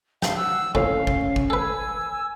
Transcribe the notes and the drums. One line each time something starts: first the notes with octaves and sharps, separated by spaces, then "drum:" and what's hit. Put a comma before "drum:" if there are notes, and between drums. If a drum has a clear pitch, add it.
F5 G5 A5, drum: snare
F#5 E6
F2 A2 C#4 F5, drum: kick G#1
drum: kick G#1
drum: kick G#1
A4 B4 G#5 E6